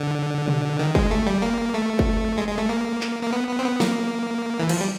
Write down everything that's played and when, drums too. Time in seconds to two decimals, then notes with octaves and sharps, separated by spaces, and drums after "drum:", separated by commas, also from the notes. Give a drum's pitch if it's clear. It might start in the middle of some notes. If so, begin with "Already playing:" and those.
Already playing: D3
0.48 drum: tom B2
0.79 D#3
0.95 G#3, drum: kick
1.11 A3
1.26 G3
1.42 A#3
1.74 A3
1.99 drum: kick
2.38 G#3
2.48 G#3
2.58 A3
2.69 A#3
3.01 drum: clap
3.23 A#3
3.33 B3
3.49 B3
3.59 C4
3.64 B3
3.80 A#3, drum: snare
4.59 E3
4.69 F3, drum: cymbal
4.81 G3